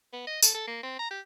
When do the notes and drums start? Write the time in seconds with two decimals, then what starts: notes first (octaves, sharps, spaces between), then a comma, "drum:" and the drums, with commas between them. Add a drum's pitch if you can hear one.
0.13 B3
0.27 D#5
0.42 A4, drum: tambourine
0.55 A4
0.67 A#3
0.83 C4
0.99 A#5
1.11 G4